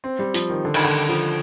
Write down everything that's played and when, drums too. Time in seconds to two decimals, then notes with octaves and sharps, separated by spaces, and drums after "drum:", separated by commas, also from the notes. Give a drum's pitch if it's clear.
0.04 C4
0.19 G3
0.34 F3, drum: hi-hat
0.50 D#3
0.65 D3
0.74 D#3, drum: cymbal
0.85 D3
1.09 F3